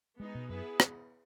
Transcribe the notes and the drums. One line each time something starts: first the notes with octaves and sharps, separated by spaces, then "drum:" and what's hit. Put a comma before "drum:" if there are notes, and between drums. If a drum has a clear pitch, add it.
G#3 B3 D#4 G#4
B2
F#2 B3 E4 G#4 B4
drum: rim click